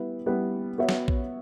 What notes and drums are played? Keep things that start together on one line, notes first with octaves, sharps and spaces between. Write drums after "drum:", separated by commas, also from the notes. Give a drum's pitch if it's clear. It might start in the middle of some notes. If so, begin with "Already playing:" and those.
Already playing: G3 B3 E4 B4
G3 B3 E4 B4
B3 F#4 C#5 E5
drum: snare
drum: kick A#1